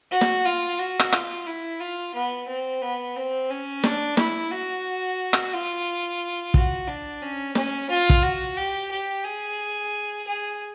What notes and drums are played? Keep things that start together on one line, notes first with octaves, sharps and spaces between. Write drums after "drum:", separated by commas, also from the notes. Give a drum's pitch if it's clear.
F#4
drum: snare
F4
F#4
drum: rim click
F4, drum: rim click
E4
F4
B3
C4
B3
C4
C#4
D4, drum: snare
E4, drum: snare
F#4
drum: rim click
F4
F#4, drum: kick
D4
C#4
C#4, drum: snare
F4
drum: kick
F#4
G4
G4
G#4
G#4